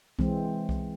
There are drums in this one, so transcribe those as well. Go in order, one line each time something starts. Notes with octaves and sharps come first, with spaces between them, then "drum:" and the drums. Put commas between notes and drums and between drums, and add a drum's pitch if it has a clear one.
E3 G#3 C4, drum: kick C2
drum: kick C2